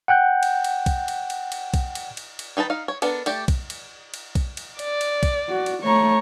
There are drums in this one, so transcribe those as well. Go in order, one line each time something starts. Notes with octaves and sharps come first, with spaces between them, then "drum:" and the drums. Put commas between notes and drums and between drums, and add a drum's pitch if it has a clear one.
F#5 G5 F#6 G6
drum: cymbal
drum: cymbal
drum: kick B1, cymbal
drum: cymbal
drum: cymbal
drum: cymbal
drum: kick B1, cymbal
drum: cymbal
drum: cymbal
drum: cymbal
D#3 D#4 B4 A5
D#4 F5
C#5
B3 D4 A4 A#4, drum: cymbal
A3 G4 D5, drum: cymbal
drum: kick B1, cymbal
drum: cymbal
drum: cymbal
drum: kick B1, cymbal
drum: cymbal
D5, drum: cymbal
drum: cymbal
drum: kick B1, cymbal
F#4
drum: cymbal
A3 C#5 A#5 C#6